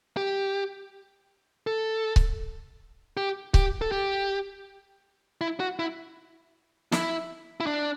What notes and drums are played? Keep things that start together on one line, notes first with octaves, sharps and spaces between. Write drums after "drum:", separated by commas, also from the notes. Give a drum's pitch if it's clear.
G4
A4
drum: kick C#1
G4
G4, drum: kick C#1
A4
G4
E4
F#4
E4
E4, drum: snare
E4
D4